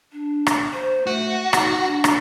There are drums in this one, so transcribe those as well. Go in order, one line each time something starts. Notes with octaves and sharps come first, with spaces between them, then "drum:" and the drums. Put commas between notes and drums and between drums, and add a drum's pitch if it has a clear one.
D4
drum: rim click
C5
A3 F#4
D#4, drum: rim click
D4
drum: rim click